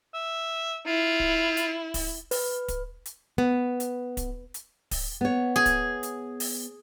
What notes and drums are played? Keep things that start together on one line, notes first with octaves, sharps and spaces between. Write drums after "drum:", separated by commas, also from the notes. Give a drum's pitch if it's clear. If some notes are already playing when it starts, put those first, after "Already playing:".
E5
E4 F4
drum: kick
drum: hi-hat
drum: kick, open hi-hat
B4, drum: open hi-hat
drum: kick, hi-hat
drum: hi-hat
B3
drum: hi-hat
drum: kick, hi-hat
drum: hi-hat
drum: kick, open hi-hat
B3 C#5
G#4
drum: kick, hi-hat
drum: hi-hat
drum: open hi-hat